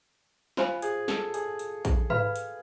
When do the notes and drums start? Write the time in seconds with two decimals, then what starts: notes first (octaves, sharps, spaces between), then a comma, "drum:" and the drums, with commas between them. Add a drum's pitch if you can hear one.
0.57 F4 C5 G#5 B5, drum: snare
0.82 G#4, drum: hi-hat
1.08 A4, drum: snare
1.34 G#4, drum: hi-hat
1.59 drum: hi-hat
1.85 drum: kick A#1, hi-hat
2.10 B4 F5 B5, drum: tom G#2
2.36 drum: hi-hat